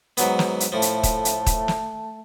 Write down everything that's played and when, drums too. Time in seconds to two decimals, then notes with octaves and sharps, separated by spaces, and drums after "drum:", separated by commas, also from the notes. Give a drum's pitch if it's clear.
0.17 G#2 F#3 B3, drum: hi-hat
0.39 drum: snare
0.60 drum: hi-hat
0.72 A2 F3 A3
0.82 drum: hi-hat
1.03 drum: kick, hi-hat
1.25 drum: hi-hat
1.46 drum: kick, hi-hat
1.68 drum: snare